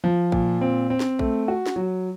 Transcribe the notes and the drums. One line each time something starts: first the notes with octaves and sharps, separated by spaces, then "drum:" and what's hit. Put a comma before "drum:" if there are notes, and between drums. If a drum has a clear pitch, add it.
F3
A#2, drum: kick A#1
C4
C4
drum: snare
A3, drum: kick A#1
F#4
drum: snare
F#3